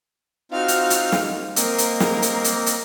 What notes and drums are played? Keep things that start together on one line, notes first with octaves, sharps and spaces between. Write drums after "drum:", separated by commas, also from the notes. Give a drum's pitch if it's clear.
C4 D#4 F4 F#4 F5 F6
drum: hi-hat
drum: hi-hat
drum: snare
A#3 C4 A#4 D#5, drum: hi-hat
drum: hi-hat
drum: snare
drum: hi-hat
drum: hi-hat
drum: hi-hat